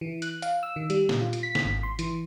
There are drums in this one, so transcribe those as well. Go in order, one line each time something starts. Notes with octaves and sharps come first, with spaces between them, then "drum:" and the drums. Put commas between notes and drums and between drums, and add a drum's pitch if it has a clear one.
E3
F#6, drum: hi-hat
F5, drum: hi-hat
E6
D#3
G3, drum: hi-hat
A#2, drum: snare
F4
drum: hi-hat
B6
drum: snare
G#1
C6
E3, drum: hi-hat